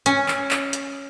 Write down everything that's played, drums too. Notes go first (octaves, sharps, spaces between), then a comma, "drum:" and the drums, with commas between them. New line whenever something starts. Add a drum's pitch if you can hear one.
C#4, drum: hi-hat
drum: clap
drum: clap
drum: hi-hat